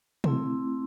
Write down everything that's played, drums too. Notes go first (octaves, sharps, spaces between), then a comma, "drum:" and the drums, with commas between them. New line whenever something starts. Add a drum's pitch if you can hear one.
A3 C4 E4, drum: tom B2